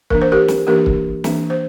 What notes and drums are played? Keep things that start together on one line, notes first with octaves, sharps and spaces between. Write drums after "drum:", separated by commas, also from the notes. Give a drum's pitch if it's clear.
E3 A#3 D4 A#4, drum: kick C#1
C5
G4 A#4
drum: snare
E3 A#3 D4 G4 A#4
drum: kick C#1
E3 A#3 D4, drum: snare
C5